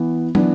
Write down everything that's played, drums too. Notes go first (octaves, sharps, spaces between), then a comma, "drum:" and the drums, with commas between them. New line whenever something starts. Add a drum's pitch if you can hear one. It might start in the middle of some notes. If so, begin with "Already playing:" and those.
Already playing: E3 B3
E3 B3 D4, drum: tom